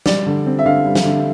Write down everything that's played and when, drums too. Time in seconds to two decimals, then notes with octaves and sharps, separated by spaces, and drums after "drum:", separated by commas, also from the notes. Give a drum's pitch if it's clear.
0.06 G3 D5, drum: snare
0.26 D3
0.46 C4
0.59 E5
0.65 D3 F5
0.86 G3
0.95 drum: snare
1.05 D3